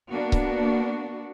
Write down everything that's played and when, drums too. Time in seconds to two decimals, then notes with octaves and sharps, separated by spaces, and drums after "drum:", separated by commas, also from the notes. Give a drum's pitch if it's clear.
0.10 A#3 B3 D4 F#4
0.32 drum: kick C#1